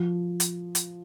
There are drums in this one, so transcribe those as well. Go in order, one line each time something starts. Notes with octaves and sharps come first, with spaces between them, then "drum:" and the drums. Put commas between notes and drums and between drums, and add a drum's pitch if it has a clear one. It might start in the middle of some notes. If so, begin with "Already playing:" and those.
Already playing: F3
drum: hi-hat
drum: hi-hat